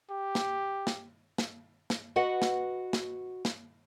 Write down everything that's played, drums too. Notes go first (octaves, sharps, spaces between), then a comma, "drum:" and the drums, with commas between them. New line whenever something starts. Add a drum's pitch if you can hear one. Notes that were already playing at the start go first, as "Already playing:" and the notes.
G4
drum: snare
drum: snare
drum: snare
drum: snare
F#4 B4 D#5 F#5
drum: snare
drum: snare
drum: snare